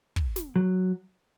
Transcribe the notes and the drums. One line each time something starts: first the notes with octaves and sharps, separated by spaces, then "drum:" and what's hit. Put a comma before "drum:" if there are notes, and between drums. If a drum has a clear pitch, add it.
drum: kick
drum: snare
F#3